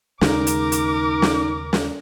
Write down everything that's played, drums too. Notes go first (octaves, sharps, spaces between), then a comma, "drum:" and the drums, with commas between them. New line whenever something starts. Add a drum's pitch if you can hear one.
D#2 C#3 G#3 D#4 A#4 D6, drum: snare
drum: hi-hat
drum: hi-hat
drum: snare
drum: snare